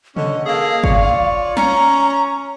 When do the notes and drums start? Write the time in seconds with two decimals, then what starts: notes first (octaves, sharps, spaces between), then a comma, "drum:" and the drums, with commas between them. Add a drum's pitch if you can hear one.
0.16 D3 C#4 D#5, drum: tom
0.46 A#3 G#4 A4 F5
0.84 F4 C#5 D5, drum: kick G1
1.57 C#4 A#5, drum: snare